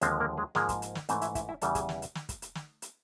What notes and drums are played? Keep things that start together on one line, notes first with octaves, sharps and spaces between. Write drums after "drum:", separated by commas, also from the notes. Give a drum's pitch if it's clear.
D#2 D3 F3 G#3 C4 C5, drum: hi-hat
A#3 A#4
G#3 G#4
G#2 F3 G#3 A#3 G#4, drum: snare
drum: kick, hi-hat
drum: hi-hat
drum: snare
G#2 E3 A3 C4 C5, drum: hi-hat
E4 E5, drum: hi-hat
E4 E5, drum: kick, hi-hat
E4 E5
E2 C#3 E3 G3 A4 A5, drum: hi-hat
G#4 G#5, drum: kick, hi-hat
drum: snare
drum: hi-hat
drum: snare
drum: kick, hi-hat
drum: hi-hat
drum: snare
drum: hi-hat